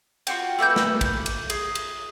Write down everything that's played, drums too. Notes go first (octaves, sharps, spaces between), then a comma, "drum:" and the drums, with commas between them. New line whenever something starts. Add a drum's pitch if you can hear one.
F4 F#4 G5, drum: cymbal
A3 A#3 B4 G6
drum: snare
drum: kick, cymbal
drum: cymbal
G#4, drum: cymbal
drum: cymbal